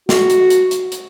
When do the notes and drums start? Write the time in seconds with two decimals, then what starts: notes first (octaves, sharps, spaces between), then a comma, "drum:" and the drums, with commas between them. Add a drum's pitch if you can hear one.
0.09 F#4, drum: snare
0.30 drum: hi-hat
0.50 drum: hi-hat
0.71 drum: hi-hat
0.92 drum: hi-hat